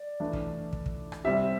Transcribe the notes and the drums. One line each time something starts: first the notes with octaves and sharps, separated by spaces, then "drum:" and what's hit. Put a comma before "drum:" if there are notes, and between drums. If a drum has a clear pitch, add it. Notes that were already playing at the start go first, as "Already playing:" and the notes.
Already playing: D5
E3 A3 D4
drum: kick
drum: kick
drum: kick
drum: rim click
C3 G3 C4 G4 E5